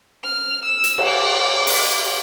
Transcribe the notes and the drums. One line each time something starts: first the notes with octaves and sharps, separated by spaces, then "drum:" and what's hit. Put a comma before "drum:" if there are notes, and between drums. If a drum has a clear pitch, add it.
F6
E6
drum: hi-hat
drum: cymbal
D6
drum: open hi-hat